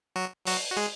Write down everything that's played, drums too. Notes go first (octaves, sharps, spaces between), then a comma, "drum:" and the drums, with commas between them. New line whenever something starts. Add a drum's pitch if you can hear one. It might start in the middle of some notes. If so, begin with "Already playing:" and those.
F#3 F#4
F#3 F#4, drum: open hi-hat
F#4
G#3 G#4